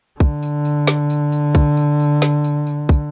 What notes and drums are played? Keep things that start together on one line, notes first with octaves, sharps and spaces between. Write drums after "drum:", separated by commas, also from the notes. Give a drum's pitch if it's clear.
D3, drum: kick, tambourine
drum: tambourine
drum: tambourine
drum: snare
drum: tambourine
drum: tambourine
drum: kick, tambourine
drum: tambourine
drum: tambourine
drum: snare
drum: tambourine
drum: tambourine
drum: kick, tambourine